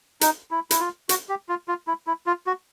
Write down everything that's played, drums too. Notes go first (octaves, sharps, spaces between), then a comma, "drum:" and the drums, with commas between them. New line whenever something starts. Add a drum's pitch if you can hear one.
D#4, drum: hi-hat
E4
E4, drum: hi-hat
F4
F#4, drum: hi-hat
G4
F4
F4
E4
E4
F4
F#4